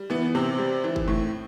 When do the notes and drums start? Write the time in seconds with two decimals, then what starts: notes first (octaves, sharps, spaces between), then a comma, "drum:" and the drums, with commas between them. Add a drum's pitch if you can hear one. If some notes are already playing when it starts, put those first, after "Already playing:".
Already playing: G3
0.10 E3 B3
0.35 C3 C4
0.59 G3
0.84 E3
0.96 drum: kick F#1
1.08 A2